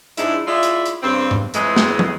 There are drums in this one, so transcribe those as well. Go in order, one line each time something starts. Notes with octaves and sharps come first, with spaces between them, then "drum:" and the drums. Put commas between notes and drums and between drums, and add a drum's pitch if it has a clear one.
G#2 F3 G#3 D4 E4, drum: hi-hat
G#3 E4 F4 D5 E5
drum: hi-hat
drum: hi-hat
G2 C#3 C4
drum: tom G#2
F2 A2 E3 G#3, drum: hi-hat
drum: snare
drum: tom